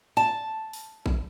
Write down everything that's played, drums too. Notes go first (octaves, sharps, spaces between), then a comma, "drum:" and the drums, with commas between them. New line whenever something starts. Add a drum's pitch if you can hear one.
A5
drum: open hi-hat
drum: kick A1